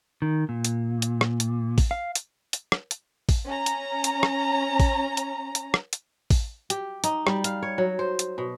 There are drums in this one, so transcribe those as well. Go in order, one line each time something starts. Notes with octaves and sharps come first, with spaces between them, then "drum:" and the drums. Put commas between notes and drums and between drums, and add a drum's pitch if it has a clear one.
D#3
A#2
drum: hi-hat
drum: hi-hat
drum: rim click
drum: hi-hat
drum: kick A1, open hi-hat
F5
drum: hi-hat
drum: hi-hat
drum: rim click
drum: hi-hat
drum: kick A1, open hi-hat
C#4 A#5
drum: hi-hat
drum: hi-hat
drum: rim click
drum: kick A1, open hi-hat
drum: hi-hat
drum: hi-hat
drum: rim click
drum: hi-hat
drum: kick A1, open hi-hat
G4, drum: hi-hat
D#4, drum: hi-hat
G3, drum: rim click
F5, drum: hi-hat
C#5
F#3
C5
drum: hi-hat
B2